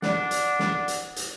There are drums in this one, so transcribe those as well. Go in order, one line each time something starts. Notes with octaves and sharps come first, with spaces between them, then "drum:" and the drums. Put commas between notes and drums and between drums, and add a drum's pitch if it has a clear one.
D4 D5 F#5, drum: snare
drum: hi-hat
drum: snare
drum: hi-hat
drum: hi-hat